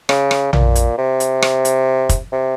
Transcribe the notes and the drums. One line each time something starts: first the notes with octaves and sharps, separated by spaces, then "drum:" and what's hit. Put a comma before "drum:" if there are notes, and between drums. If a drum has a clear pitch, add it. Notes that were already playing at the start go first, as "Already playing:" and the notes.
C#3, drum: rim click
drum: rim click
A#2, drum: tom A#1
drum: hi-hat
C3
drum: hi-hat
drum: rim click
drum: hi-hat
drum: kick, hi-hat
C3